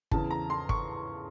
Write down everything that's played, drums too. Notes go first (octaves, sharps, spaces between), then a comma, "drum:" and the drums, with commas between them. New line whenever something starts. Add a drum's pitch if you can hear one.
E2 C#3 E3 A5, drum: kick G1
A#5
C6
C#6, drum: kick G1